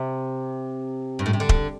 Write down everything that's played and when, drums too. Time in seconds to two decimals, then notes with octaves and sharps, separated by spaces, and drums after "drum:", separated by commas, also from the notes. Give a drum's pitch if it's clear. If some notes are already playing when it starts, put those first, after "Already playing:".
Already playing: C3
1.19 G2
1.26 A2
1.33 C3
1.40 D3
1.49 drum: kick D#1